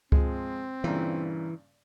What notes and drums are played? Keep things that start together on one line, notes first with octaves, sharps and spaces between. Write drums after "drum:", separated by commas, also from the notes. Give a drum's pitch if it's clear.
F3 G#3 C4, drum: kick C#2
G2 A#2 C#3 E3